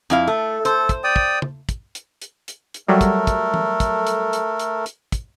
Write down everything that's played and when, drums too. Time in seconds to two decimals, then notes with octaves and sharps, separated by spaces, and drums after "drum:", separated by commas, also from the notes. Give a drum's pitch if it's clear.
0.10 F2 E4 F5, drum: hi-hat
0.27 A3 A4
0.65 A4 C5, drum: hi-hat
0.89 drum: kick, hi-hat
1.04 D5 G5 D#6
1.16 drum: kick
1.42 drum: tom
1.69 drum: kick, hi-hat
1.95 drum: hi-hat
2.22 drum: hi-hat
2.48 drum: hi-hat
2.74 drum: hi-hat
2.88 F#3 G3 A3 A4 A#4
3.01 drum: kick, hi-hat
3.27 drum: kick, hi-hat
3.54 drum: tom
3.80 drum: kick, hi-hat
4.07 drum: hi-hat
4.33 drum: hi-hat
4.59 drum: hi-hat
4.86 drum: hi-hat
5.12 drum: kick, hi-hat